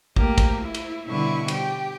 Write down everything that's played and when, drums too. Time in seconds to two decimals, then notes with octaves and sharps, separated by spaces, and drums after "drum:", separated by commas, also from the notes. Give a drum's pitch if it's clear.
0.16 A3 A#3 G4 A#4, drum: kick
0.38 drum: kick, cymbal
0.60 E4
0.74 drum: cymbal
1.06 B2 D3 G3 E4 B5 C#6
1.48 G4 G5, drum: cymbal